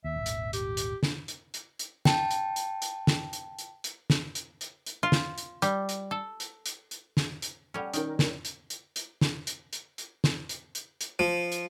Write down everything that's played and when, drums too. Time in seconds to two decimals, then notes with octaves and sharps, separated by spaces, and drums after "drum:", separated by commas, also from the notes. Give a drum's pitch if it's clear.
0.04 D#2 E5
0.16 D#1 G#1
0.26 drum: hi-hat
0.53 G4, drum: hi-hat
0.77 drum: hi-hat
1.03 drum: snare
1.28 drum: hi-hat
1.54 drum: hi-hat
1.79 drum: hi-hat
2.05 G5 A5, drum: snare
2.31 drum: hi-hat
2.56 drum: hi-hat
2.82 drum: hi-hat
3.07 drum: snare
3.33 drum: hi-hat
3.59 drum: hi-hat
3.84 drum: hi-hat
4.10 drum: snare
4.35 drum: hi-hat
4.61 drum: hi-hat
4.86 drum: hi-hat
5.03 F4
5.12 drum: snare
5.38 drum: hi-hat
5.62 G3, drum: hi-hat
5.89 drum: hi-hat
6.11 A4
6.40 drum: hi-hat
6.66 drum: hi-hat
6.91 drum: hi-hat
7.17 drum: snare
7.42 drum: hi-hat
7.74 G3 C#4 A4 F#5
7.94 D#3 C#4 D#4 A#4 G5, drum: hi-hat
8.19 drum: snare
8.45 drum: hi-hat
8.70 drum: hi-hat
8.96 drum: hi-hat
9.21 drum: snare
9.47 drum: hi-hat
9.73 drum: hi-hat
9.98 drum: hi-hat
10.24 drum: snare
10.49 drum: hi-hat
10.75 drum: hi-hat
11.01 drum: hi-hat
11.19 F3
11.52 drum: hi-hat